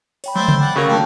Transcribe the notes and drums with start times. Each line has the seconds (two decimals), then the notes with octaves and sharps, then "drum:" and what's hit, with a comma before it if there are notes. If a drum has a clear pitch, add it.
0.24 C#5 G5 B5, drum: open hi-hat
0.35 F#3 A3 C5 D5 E5 B5
0.48 drum: tom
0.61 D5 F#5 G5
0.76 C#3 F#3 A#3 G4 C#6
0.89 A2 D3 G3 G4 G5 A5